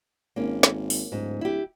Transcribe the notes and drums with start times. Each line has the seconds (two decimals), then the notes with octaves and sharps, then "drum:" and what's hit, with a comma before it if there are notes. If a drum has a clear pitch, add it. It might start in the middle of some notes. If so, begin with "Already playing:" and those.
0.36 G#1 A#3 C#4
0.63 drum: snare
0.90 drum: open hi-hat
1.12 D1 G#2
1.41 E4 G4